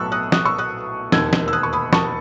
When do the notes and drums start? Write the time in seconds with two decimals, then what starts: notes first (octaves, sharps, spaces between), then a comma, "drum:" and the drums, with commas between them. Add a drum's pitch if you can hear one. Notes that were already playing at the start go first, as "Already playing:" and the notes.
Already playing: B1 A2 F#3 B3 A5 C#6 E6 F#6
0.12 D#6 F#6
0.32 D#6 F#6, drum: snare
0.45 C#6 E6
0.58 D#6 F#6
1.12 E1 D#2 D#3 E6 G#6, drum: snare
1.33 drum: snare
1.48 E6
1.53 D#6 F#6
1.63 C#6
1.73 B5 D#6
1.93 A5 C#6, drum: snare